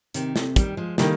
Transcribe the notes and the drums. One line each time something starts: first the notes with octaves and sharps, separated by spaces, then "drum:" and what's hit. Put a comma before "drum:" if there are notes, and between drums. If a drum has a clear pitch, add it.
C3 D#3, drum: hi-hat
C3, drum: snare
D#3 G3, drum: kick, hi-hat
F3 G#3
D#3 G3 A#3, drum: snare